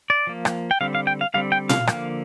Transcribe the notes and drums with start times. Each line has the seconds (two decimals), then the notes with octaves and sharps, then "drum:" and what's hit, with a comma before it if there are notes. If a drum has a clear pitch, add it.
0.10 D5
0.27 F3 A#3
0.45 drum: rim click
0.71 G5
0.81 D3 G3 C4 F5
0.95 F5
1.07 G5
1.21 F5
1.34 D3 G3 C4 F5
1.52 G5
1.69 F5, drum: tom A#2
1.87 D3 F3 A#3, drum: rim click